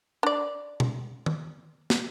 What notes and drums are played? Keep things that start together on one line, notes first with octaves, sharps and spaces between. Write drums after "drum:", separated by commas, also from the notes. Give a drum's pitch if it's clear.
D4 D5
drum: tom B2
drum: tom D#3
drum: snare